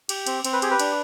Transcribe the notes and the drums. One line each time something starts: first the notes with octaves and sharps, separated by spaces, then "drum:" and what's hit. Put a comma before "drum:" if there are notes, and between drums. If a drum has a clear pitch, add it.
G4, drum: cymbal
C4, drum: cymbal
C4, drum: cymbal
B4
G4 G#4, drum: cymbal
B4
D4, drum: cymbal